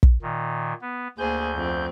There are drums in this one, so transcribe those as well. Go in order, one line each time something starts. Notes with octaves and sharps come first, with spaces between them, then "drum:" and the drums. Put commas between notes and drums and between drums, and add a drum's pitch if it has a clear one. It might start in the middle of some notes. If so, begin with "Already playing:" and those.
drum: kick
A#2 D#3
B3
D2 A#3 G#4 C5 G6
F2 C4